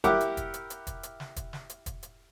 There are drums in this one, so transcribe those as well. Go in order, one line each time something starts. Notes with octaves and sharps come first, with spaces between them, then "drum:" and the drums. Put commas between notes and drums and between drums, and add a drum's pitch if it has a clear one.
E4 G4 A#4 F#5 D6, drum: kick, hi-hat
drum: hi-hat
drum: kick, hi-hat
drum: hi-hat
drum: hi-hat
drum: kick, hi-hat
drum: hi-hat
drum: snare
drum: kick, hi-hat
drum: snare
drum: hi-hat
drum: kick, hi-hat
drum: hi-hat